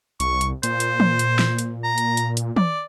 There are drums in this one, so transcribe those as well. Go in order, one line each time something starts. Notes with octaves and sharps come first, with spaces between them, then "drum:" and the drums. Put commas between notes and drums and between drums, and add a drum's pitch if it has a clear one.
C2 C#6, drum: hi-hat
drum: hi-hat
A#2 C5, drum: hi-hat
drum: hi-hat
drum: tom
drum: hi-hat
drum: snare
drum: hi-hat
A#5
drum: hi-hat
drum: hi-hat
drum: hi-hat
D5, drum: tom